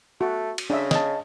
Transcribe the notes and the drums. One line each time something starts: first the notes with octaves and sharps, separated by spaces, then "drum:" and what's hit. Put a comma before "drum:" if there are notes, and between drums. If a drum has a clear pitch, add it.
A3 F#4
drum: cymbal
C#3 D4 E5
D#5 A5, drum: snare